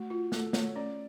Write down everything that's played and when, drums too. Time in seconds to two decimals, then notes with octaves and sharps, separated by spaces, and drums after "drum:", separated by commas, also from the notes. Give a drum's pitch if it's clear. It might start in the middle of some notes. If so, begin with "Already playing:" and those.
Already playing: A3 F#4
0.10 F4
0.32 A3 A4, drum: snare
0.53 A3 C#5, drum: snare
0.75 C#4 D5